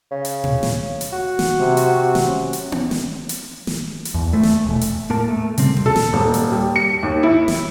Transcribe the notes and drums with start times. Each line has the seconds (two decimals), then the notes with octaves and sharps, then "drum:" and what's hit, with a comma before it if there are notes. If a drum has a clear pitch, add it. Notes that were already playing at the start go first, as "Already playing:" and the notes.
0.11 C#3
0.25 drum: hi-hat
0.44 drum: tom A#2
0.63 drum: snare
1.01 drum: hi-hat
1.13 F#4
1.39 drum: snare
1.60 C3
1.77 drum: hi-hat
2.15 drum: snare
2.27 C#4
2.53 drum: hi-hat
2.72 drum: tom B3
2.91 drum: snare
3.29 drum: hi-hat
3.67 drum: snare
4.05 drum: hi-hat
4.15 E2
4.33 A3
4.43 drum: snare
4.67 E1
4.81 drum: hi-hat
5.10 A2 A#3 A#4 A5
5.28 A3
5.58 C#3 G3 C4, drum: hi-hat
5.77 drum: tom A#2
5.86 A4
5.96 drum: snare
6.13 D#1
6.34 drum: hi-hat
6.52 G3
6.76 C#7
7.03 D#2
7.23 E4
7.48 drum: snare